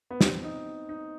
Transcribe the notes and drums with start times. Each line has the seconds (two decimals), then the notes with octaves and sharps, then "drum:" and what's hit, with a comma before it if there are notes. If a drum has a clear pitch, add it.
0.11 B3
0.21 C4, drum: snare
0.44 D#4
0.89 D#4